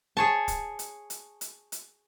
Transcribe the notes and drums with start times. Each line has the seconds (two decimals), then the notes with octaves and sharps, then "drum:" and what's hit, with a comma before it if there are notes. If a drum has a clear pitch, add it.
0.17 G#4 C#5 A5
0.48 drum: kick, hi-hat
0.79 drum: hi-hat
1.10 drum: hi-hat
1.41 drum: hi-hat
1.72 drum: hi-hat